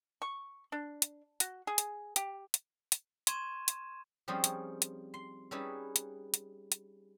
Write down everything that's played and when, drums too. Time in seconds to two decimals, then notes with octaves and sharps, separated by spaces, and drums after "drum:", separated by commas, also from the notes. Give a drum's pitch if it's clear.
0.22 C#6
0.72 D4
1.02 drum: hi-hat
1.40 F#4, drum: hi-hat
1.67 G#4
1.78 drum: hi-hat
2.16 G4, drum: hi-hat
2.54 drum: hi-hat
2.92 drum: hi-hat
3.27 C6 C#6 G#6 D#7 E7, drum: hi-hat
3.68 drum: hi-hat
4.28 F3 G3 C4 C#4 D#4 G#4
4.44 drum: hi-hat
4.82 drum: hi-hat
5.14 C6
5.51 G3 C#4 D#4 E4 G#4 B4
5.96 drum: hi-hat
6.34 drum: hi-hat
6.72 drum: hi-hat